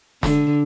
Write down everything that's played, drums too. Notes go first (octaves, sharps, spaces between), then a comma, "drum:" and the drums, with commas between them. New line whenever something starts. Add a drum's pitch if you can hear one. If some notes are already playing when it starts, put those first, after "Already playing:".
D3, drum: snare